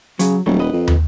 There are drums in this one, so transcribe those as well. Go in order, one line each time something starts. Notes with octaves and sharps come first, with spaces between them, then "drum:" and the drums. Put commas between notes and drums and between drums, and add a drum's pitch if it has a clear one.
C#3 F#3, drum: hi-hat
D#1 F#3 G3 A3
B4 D#5
F2
drum: tom